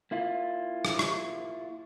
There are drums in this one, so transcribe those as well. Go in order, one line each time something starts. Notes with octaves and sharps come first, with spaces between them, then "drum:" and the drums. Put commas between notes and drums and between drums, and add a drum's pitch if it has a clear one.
A#3 E4 F4
drum: rim click
drum: rim click